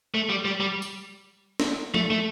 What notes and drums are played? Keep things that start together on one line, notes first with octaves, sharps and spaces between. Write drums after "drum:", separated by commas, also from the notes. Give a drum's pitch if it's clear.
A3
G3
G3
G3
drum: tambourine
drum: snare
A3, drum: tom F3
A3